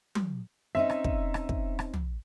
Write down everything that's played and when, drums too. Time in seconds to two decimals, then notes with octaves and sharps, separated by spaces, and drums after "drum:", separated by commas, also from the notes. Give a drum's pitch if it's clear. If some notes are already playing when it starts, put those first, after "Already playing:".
0.15 drum: tom F#3
0.75 C4 C#4 D#4 E5
0.90 drum: rim click
1.04 drum: kick
1.34 drum: rim click
1.49 drum: kick
1.79 drum: rim click
1.94 drum: tom